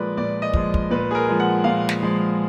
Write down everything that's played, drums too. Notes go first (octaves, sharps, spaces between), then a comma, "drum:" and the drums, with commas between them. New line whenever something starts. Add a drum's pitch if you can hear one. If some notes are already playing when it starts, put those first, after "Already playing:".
Already playing: A#2 F3 G#3 A#4 B4 D5
A#2 D5
D#5
F3 G#3, drum: kick
drum: kick
A#2 B4
G#4
A#4
F3 G#3
F#5
A#2 F5
drum: snare
F3 G#3